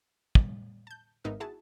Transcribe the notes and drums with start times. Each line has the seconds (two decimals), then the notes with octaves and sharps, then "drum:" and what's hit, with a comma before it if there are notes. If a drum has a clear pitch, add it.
0.35 drum: kick
0.87 A5 G6
1.24 G#1 G#2 B3 D#4 A#4 E5
1.40 E4 F#4 G#4 A5